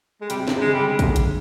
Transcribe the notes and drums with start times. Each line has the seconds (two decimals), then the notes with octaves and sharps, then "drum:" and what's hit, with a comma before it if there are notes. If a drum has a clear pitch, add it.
0.21 G#3
0.30 C3 G3, drum: hi-hat
0.40 C3
0.48 C#3, drum: snare
0.61 D3 G#3
0.74 G3
0.88 G#3
0.99 D3, drum: kick, hi-hat
1.16 drum: hi-hat